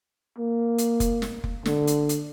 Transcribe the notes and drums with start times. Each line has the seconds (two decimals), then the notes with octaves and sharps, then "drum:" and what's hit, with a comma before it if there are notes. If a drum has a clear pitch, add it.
0.38 A#3
0.78 drum: hi-hat
1.00 drum: kick F1, hi-hat
1.22 drum: snare
1.44 drum: kick F1
1.66 D3, drum: snare
1.87 drum: hi-hat
2.09 drum: hi-hat